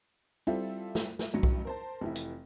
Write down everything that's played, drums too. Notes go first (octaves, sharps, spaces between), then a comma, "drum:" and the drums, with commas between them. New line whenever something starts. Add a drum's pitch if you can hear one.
G3 C4 E4 F4 A4 E5
drum: snare
drum: snare
A1 G2 F#3 C#7
drum: kick B1
A#4 C5 A5
F1 E3 E4
drum: hi-hat